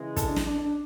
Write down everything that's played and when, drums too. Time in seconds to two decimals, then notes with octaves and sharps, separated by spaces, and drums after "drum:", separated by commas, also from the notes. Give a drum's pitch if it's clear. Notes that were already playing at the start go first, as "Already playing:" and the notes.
Already playing: C#3 E3 G#3
0.16 A4, drum: kick, hi-hat
0.27 D4
0.36 drum: snare
0.46 D4
0.57 D4